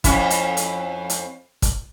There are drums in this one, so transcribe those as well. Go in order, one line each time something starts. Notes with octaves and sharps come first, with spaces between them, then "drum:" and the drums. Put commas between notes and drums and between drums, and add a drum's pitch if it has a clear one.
F2 C#4 E4, drum: kick, hi-hat
drum: hi-hat
drum: hi-hat
drum: hi-hat
drum: kick, hi-hat